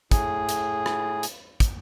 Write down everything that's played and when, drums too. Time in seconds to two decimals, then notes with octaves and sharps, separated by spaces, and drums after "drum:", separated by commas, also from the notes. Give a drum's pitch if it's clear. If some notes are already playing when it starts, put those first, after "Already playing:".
0.11 A2 G#4, drum: kick, hi-hat
0.49 drum: hi-hat
0.86 drum: rim click
1.23 drum: hi-hat
1.60 drum: kick, hi-hat